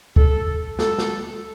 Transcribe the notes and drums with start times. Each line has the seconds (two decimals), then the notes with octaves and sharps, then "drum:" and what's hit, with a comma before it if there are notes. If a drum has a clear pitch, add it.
0.16 A4, drum: kick
0.79 A4, drum: snare
0.99 drum: snare